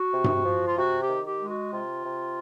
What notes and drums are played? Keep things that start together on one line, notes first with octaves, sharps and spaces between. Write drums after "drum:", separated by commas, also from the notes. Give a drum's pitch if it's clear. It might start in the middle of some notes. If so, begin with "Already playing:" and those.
Already playing: F#4
C3
drum: tom G2
F3
F4
C3 F#4
G4
D#3
G4
G#3
F#4
C3 F4
C3